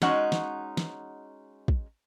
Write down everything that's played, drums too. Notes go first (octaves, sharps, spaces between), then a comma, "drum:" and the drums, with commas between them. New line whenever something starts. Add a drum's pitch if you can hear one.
G#3 C#4 D#4 F#4 F#5, drum: snare
drum: snare
drum: snare
drum: kick